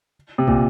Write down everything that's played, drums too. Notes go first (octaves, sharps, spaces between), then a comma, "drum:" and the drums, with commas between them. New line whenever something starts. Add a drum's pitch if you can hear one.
C3
A#2, drum: kick